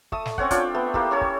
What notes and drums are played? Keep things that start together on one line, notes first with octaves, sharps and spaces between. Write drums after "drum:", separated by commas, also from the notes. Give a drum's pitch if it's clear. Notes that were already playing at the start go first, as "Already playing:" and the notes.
A3 A5 D#6, drum: kick
drum: snare
C4 C#4 C#5 F#5, drum: kick
D4 F4 G5, drum: kick, hi-hat
A3 B3
A#3 E4 G4 A4, drum: kick
C#4 A4 C#5
drum: kick